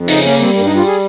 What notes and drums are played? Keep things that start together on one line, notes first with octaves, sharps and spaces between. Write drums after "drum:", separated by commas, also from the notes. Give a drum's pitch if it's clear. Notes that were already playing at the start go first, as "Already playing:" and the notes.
Already playing: F2
C#3 D#4, drum: open hi-hat
A#3 C#4
G3 C4
G2 A#3
D#4
G3
F4
G#4